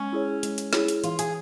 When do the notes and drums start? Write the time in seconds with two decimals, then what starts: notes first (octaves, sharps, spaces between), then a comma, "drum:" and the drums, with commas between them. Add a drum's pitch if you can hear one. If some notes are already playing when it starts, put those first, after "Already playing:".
Already playing: G#3 C#4
0.13 E4 G#4 C#5
0.43 G#3, drum: hi-hat
0.58 drum: hi-hat
0.73 E4 G#4 C#5, drum: snare
0.88 drum: hi-hat
1.04 E3 F4, drum: hi-hat
1.19 G#4, drum: hi-hat